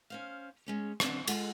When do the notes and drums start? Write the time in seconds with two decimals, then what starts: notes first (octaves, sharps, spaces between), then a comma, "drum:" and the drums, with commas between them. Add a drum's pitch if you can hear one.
0.10 C#4 C5 F5
0.66 G#3 C#4 C#5
1.00 D3 C4 D4, drum: rim click
1.28 G#3 F4 A4 D#5 F#5, drum: cymbal